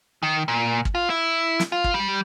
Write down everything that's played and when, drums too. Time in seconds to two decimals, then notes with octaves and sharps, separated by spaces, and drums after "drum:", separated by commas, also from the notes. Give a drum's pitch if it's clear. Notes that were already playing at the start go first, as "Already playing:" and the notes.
0.23 D#3
0.48 A#2
0.85 drum: kick
0.95 F4
1.10 E4
1.60 drum: snare
1.72 F4
1.84 drum: kick
1.94 G3